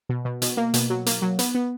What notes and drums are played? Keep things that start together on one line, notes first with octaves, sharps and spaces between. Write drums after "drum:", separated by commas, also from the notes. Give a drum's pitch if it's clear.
B2
B2
B2, drum: hi-hat
A#3
B2, drum: hi-hat
F#3
A#3, drum: hi-hat
F#3
B3, drum: hi-hat
B3